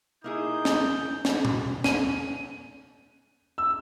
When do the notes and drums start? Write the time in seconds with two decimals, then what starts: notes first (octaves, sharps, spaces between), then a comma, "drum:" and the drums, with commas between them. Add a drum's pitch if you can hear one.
0.24 A#3 D#4 E4 G#4 D#6 G6
0.65 drum: snare
1.25 drum: snare
1.45 drum: tom
1.84 D#7, drum: snare
3.58 E6